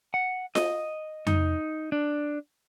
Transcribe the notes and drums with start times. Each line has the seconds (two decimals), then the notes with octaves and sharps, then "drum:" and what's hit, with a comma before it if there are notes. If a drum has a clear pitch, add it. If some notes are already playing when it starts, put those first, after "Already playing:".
0.14 F#5
0.55 D#5, drum: snare F4
1.27 D#4, drum: tom F2
1.92 D4